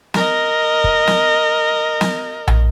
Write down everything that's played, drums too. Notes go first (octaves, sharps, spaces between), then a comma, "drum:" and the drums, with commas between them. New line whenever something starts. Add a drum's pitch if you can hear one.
A#4 D#5, drum: snare
drum: kick
drum: snare
drum: snare
drum: tom A#1